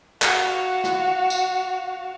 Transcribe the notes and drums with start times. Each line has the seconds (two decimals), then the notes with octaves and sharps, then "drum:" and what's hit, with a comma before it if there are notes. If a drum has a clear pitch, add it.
0.22 F#4 F5, drum: clap
0.84 drum: rim click
1.30 drum: tambourine